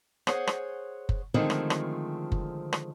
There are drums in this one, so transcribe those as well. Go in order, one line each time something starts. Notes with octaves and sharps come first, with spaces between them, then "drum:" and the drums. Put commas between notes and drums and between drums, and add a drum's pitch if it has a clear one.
G#4 C5 C#5 F#5, drum: rim click
drum: rim click
drum: kick F#1
D3 D#3 F3 G#3 A3 C4
drum: rim click
drum: rim click
drum: kick F#1
drum: rim click